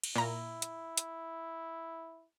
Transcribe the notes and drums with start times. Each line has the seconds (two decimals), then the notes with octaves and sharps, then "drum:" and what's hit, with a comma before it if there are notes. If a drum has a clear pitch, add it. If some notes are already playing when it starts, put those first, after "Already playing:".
0.04 drum: cymbal
0.16 A#2 E4 A#5
0.62 drum: hi-hat
0.97 drum: hi-hat